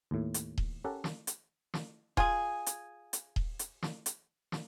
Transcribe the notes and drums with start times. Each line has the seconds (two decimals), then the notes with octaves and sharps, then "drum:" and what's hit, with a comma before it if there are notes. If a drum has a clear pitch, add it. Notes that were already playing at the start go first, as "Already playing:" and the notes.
0.11 D#2 A2
0.34 drum: hi-hat
0.58 drum: kick D#1
0.84 C#4 G4 A4 A#4 F#5
1.04 drum: snare
1.27 drum: hi-hat
1.74 drum: snare
2.17 F4 G#4 G#5, drum: kick D#1
2.66 drum: hi-hat
3.13 drum: hi-hat
3.36 drum: kick D#1
3.59 drum: hi-hat
3.83 drum: snare
4.06 drum: hi-hat
4.52 drum: snare